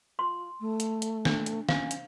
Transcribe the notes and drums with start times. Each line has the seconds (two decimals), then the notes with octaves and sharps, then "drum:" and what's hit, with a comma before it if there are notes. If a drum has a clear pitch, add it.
0.19 F4 C6
0.60 A3
0.80 drum: hi-hat
1.02 drum: hi-hat
1.25 D4, drum: snare
1.46 drum: hi-hat
1.69 C#4 F5, drum: snare
1.91 drum: hi-hat